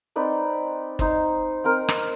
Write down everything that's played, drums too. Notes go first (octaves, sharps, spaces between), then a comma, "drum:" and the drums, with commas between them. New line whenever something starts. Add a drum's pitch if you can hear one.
C4 D#4 B4 D5
D#4 C5, drum: kick
C4 A#4
drum: rim click